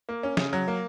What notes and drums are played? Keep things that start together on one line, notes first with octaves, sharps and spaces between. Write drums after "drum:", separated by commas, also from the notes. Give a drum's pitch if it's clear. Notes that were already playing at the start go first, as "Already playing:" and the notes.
A#3
C#4
C#3, drum: snare
F#3
A#3